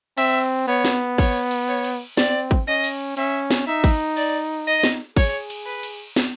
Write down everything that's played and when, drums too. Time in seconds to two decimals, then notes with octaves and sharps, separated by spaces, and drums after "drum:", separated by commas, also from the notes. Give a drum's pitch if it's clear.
0.18 C4 E5, drum: cymbal
0.67 B3 C#5
0.85 drum: snare
1.18 C#5, drum: kick, cymbal
1.51 drum: cymbal
1.68 C#5
1.84 drum: cymbal
2.17 C4 D5, drum: snare
2.51 drum: kick
2.67 C#4 D#5
2.84 drum: cymbal
3.17 C#4 E5, drum: cymbal
3.51 drum: snare
3.67 D#4 E5
3.84 drum: kick, cymbal
4.17 D5, drum: cymbal
4.67 D#5
4.83 drum: snare
5.17 G#4 C#5, drum: kick, cymbal
5.50 drum: cymbal
5.66 B4
5.83 drum: cymbal
6.16 drum: snare